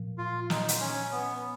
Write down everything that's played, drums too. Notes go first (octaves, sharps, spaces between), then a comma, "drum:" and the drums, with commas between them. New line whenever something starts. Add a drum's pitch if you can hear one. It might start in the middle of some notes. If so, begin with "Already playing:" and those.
Already playing: A#2 F3
F4
D#4, drum: snare
drum: hi-hat
C#4
B3